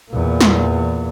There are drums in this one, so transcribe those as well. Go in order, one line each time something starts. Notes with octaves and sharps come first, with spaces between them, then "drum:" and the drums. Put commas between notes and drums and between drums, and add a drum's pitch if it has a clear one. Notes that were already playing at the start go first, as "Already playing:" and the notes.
E2 A#2
drum: snare